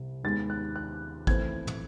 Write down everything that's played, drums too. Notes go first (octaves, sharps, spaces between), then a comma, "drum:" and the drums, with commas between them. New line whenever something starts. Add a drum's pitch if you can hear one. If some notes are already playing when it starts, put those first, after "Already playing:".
Already playing: C2 C3
D#2 D#3 G#3 B3 A6
F#6
F#6
E3 A3 C4 G#6, drum: kick A1
drum: tom